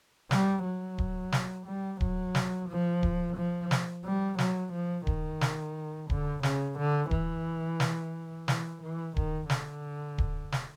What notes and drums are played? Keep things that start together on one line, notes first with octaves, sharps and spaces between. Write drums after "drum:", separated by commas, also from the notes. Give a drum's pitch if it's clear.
G3, drum: snare
F#3
drum: kick D1
drum: snare
G3
F#3, drum: kick D1
drum: snare
F3
drum: kick D1
F3
drum: snare
G3
F#3, drum: snare
F3
D#3, drum: kick D1
drum: snare
D3, drum: kick D1
C#3, drum: snare
D3
E3, drum: kick D1
drum: snare
E3, drum: snare
E3
D#3, drum: kick D1
D3, drum: snare
drum: kick D1
drum: snare